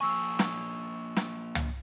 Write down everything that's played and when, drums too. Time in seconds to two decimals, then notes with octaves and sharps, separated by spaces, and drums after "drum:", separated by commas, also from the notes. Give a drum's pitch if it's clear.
0.01 F3 A#3 G#5 C#6 E6
0.39 drum: snare
1.17 drum: snare
1.55 drum: tom